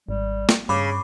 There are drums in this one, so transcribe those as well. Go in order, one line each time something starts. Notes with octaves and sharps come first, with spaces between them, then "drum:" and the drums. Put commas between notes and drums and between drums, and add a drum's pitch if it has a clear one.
G#1 G3
drum: snare
G2 C#3 C#5 B5 D6